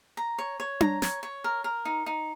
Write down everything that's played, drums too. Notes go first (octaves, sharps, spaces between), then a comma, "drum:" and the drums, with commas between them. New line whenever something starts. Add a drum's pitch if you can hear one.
A#5
C#5
C#5
A#5, drum: tom D4
C#5, drum: snare
C#5
A#4
A#4
D#4
D#4